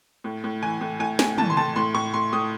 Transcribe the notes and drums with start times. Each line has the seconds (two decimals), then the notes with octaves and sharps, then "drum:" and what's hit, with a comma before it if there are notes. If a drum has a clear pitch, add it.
0.24 A2
0.44 A2
0.62 E3 G#5
0.81 A2
1.00 A2 G#5
1.19 A2 G#5, drum: snare
1.38 E3 A5, drum: tom
1.50 C6
1.57 A2 A5
1.76 A2 C6
1.94 A2 C#6
2.14 A2 C6
2.33 A2 D#6